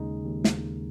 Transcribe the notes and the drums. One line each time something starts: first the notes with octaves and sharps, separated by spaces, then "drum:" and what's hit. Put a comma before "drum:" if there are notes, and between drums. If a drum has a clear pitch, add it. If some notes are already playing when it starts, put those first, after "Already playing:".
Already playing: D#2 C#3 G#3 D#4
D#2
drum: snare